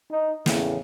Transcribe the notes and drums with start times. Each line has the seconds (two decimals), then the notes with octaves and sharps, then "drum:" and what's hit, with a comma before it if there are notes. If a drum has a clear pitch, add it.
0.11 D#4
0.46 E2 A2 C#3, drum: snare